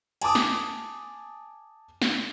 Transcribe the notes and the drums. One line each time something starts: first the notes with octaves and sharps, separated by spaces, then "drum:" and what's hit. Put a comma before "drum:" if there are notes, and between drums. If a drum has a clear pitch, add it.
G#5 A5 D6 D#6, drum: cymbal
drum: snare
drum: snare